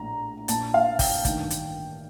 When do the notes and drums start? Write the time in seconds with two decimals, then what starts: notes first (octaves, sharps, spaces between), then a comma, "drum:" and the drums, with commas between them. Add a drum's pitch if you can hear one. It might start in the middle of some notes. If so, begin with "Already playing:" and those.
Already playing: A#1 A2 A#5
0.48 A#1 A#2 A5, drum: hi-hat
0.74 F5
0.99 G5, drum: kick, open hi-hat
1.25 A1 G2 D#3 G5, drum: kick, hi-hat
1.50 drum: hi-hat